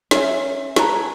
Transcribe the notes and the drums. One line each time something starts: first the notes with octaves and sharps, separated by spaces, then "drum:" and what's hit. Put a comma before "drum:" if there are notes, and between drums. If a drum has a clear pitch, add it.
C#4 E5, drum: snare
A4 B4 C#5 A#5, drum: snare
G#4